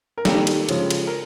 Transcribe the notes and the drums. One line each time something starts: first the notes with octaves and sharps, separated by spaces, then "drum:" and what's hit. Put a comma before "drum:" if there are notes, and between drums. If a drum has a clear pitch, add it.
A#4
D#3 G3 A#3 G4 A4, drum: snare
drum: cymbal
C#3 F3 G#3, drum: cymbal
drum: cymbal
A#4